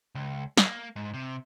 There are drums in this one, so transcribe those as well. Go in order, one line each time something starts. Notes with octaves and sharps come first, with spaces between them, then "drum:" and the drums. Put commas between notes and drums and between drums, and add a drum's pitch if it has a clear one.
C#2
A#3, drum: snare
G#2
C3